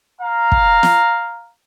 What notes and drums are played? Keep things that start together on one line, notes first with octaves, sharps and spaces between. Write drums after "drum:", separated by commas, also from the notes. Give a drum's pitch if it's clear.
F5 A#5
drum: kick
drum: snare